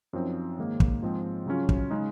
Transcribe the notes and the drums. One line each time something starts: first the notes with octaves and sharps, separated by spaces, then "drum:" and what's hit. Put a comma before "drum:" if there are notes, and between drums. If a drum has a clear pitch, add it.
F#2 F3 C4 D#4
G#2 D#3 A#3
drum: kick
G#2 F3 G#3 C4
C#3 F#3 C#4 F4
drum: kick
C#3 G#3 D#4